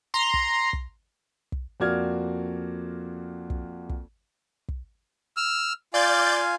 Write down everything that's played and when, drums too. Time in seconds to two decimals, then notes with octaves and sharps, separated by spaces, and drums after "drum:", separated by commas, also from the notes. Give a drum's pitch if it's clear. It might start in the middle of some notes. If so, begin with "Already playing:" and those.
0.14 A#5 C6
0.34 drum: kick
0.73 drum: kick
1.52 drum: kick
1.80 F2 A#3 F#4 D5 F6 G#6
3.50 drum: kick
3.89 drum: kick
4.68 drum: kick
5.37 E6 F6
5.94 F4 D5 F5 G#5 G6 A6